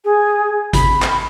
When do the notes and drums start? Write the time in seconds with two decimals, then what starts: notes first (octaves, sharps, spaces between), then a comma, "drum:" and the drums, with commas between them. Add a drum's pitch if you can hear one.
0.04 G#4
0.73 B5, drum: kick G#1, hi-hat
1.02 drum: clap